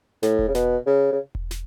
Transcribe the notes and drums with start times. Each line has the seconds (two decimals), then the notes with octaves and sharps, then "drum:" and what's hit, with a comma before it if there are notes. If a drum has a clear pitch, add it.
0.23 A2, drum: snare
0.39 drum: kick E1
0.48 C#3
0.55 B2, drum: snare
0.86 C#3
1.12 C#3
1.35 drum: kick E1
1.51 drum: snare